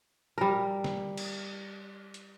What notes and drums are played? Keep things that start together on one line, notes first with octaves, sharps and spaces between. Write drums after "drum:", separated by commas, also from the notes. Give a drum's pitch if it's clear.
G3 A#4
drum: snare
drum: cymbal
drum: hi-hat